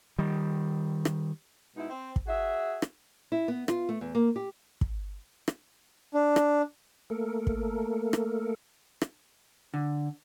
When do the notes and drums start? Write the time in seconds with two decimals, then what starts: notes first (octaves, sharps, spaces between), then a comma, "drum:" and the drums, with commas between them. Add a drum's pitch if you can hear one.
0.19 D#3 G3
1.05 drum: rim click
1.76 B2 G#3 D#4 E4
1.89 C4
2.16 drum: kick
2.26 F#4 G#4 E5
2.82 drum: rim click
3.32 E4
3.48 B3
3.68 F4, drum: rim click
3.89 A3
4.01 E2
4.15 A#3
4.36 G4
4.81 drum: kick
5.48 drum: rim click
6.14 D4
6.36 drum: rim click
7.10 A3 A#3 A4 A#4
7.47 drum: kick
8.13 drum: rim click
9.02 drum: rim click
9.74 D3